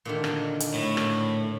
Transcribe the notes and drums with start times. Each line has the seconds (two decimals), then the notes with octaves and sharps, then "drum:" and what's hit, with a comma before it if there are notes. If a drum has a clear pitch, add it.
0.05 A#2 D3 D#3
0.24 drum: rim click
0.60 drum: hi-hat
0.74 A2
0.97 drum: rim click